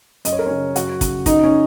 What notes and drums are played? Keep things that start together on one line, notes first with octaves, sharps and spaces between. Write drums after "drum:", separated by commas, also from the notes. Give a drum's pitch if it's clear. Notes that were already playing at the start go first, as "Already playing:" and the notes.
F#2 D#5, drum: hi-hat
C#5
A#4
C#3 C#4 C#5
F#2 F#4 F#5, drum: hi-hat
C#3, drum: kick, hi-hat
C#3 D#4, drum: kick, hi-hat
C#4